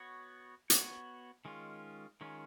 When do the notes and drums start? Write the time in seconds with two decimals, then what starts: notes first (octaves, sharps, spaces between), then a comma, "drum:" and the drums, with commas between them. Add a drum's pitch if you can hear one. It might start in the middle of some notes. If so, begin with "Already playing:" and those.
Already playing: B3 F#4 C#5
0.70 B3 F#4 C#5, drum: hi-hat
1.45 D#3 G#3 C#4 F4
2.21 D#3 G#3 C#4 F4